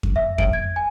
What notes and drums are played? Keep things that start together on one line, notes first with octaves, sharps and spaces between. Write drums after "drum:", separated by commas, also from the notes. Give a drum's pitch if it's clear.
drum: kick F2
E5
D7, drum: kick F2
G#6
G#5